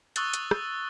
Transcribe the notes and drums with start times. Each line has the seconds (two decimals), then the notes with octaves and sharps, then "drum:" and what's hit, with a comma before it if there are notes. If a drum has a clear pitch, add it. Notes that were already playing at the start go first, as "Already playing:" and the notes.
0.16 C#6 D#6 E6 F#6 A6 G7, drum: hi-hat
0.34 drum: hi-hat
0.51 drum: rim click